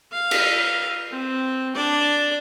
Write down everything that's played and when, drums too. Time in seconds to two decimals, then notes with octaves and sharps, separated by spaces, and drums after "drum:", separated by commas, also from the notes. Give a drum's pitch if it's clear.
0.13 F5
0.31 drum: cymbal
1.12 C4
1.75 D4 D5